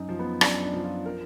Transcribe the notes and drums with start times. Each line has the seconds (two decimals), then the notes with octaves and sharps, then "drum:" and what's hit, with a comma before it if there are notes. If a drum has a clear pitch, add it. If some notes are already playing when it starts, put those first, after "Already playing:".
Already playing: F#2 D#4
0.09 F3
0.19 B3
0.41 F#2 D4, drum: rim click
0.63 D4
0.74 F3
0.84 F4
1.06 A#4